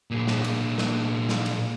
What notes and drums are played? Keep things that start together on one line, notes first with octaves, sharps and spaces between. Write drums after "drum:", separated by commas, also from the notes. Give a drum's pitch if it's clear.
A#2 G#4
drum: snare
drum: cymbal
drum: snare
drum: snare
drum: cymbal